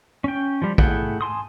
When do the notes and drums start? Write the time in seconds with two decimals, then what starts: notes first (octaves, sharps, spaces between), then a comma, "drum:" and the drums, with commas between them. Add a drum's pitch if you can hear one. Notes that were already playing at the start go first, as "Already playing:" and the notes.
0.24 C#4 G5
0.62 F3 G3
0.78 A3 E4 G#4 F#5 G5, drum: kick A#1
1.21 G#5 A5 C6 D#6